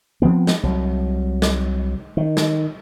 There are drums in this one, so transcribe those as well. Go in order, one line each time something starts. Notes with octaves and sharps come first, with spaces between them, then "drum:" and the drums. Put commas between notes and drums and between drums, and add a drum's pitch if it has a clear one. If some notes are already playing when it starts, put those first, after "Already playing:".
F3 F#3 B3 C4
drum: snare
C2 F#3
drum: snare
D#3
drum: snare